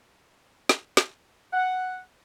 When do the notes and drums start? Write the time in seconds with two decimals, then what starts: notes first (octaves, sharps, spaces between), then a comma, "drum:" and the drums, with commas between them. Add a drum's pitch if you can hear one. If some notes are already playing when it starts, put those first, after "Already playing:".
0.69 drum: snare
0.97 drum: snare
1.53 F#5